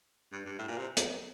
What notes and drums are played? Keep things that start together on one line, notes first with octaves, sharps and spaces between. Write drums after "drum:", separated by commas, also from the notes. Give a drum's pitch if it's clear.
G2
G2
A2
A#2
C3
drum: hi-hat